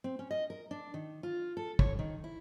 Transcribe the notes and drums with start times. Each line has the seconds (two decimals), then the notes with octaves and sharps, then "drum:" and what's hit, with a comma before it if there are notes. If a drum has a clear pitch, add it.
0.04 C4
0.19 C#4
0.31 D#5
0.50 A#4
0.71 D4
0.94 D#3
1.23 F4
1.57 A4
1.79 C#5, drum: kick
1.99 D#3
2.24 E4